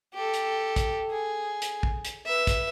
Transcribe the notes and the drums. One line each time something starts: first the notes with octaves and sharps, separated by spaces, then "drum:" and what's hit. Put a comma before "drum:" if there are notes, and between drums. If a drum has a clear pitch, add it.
G4 A4
drum: hi-hat
drum: kick, hi-hat
G#4
drum: hi-hat
drum: kick
drum: hi-hat
B4 E5
drum: kick, hi-hat